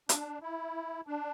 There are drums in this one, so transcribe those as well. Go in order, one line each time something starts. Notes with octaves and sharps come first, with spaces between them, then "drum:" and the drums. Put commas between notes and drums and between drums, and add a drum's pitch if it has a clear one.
D4, drum: hi-hat
E4
D4